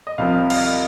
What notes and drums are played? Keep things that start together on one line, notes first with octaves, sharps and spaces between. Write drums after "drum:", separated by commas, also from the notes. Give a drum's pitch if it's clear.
D#5
C2 C3 F3 F5
F5, drum: cymbal
D#5